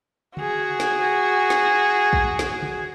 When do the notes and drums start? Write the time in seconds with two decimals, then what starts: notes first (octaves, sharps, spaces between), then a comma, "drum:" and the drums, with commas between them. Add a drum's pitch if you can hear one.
0.37 F#4 G#4, drum: tom C#3
0.80 drum: snare
1.50 drum: snare
2.13 drum: kick
2.39 drum: snare
2.62 drum: tom C#3